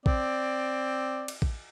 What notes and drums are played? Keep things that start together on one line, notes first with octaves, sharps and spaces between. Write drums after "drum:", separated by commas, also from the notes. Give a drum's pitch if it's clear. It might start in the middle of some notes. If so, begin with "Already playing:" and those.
C4 D5, drum: kick A1
drum: cymbal
drum: kick A1